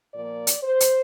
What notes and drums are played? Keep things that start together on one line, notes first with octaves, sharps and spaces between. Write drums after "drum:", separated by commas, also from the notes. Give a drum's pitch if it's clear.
A#2 F3 A#3 D5
drum: hi-hat
C5
drum: hi-hat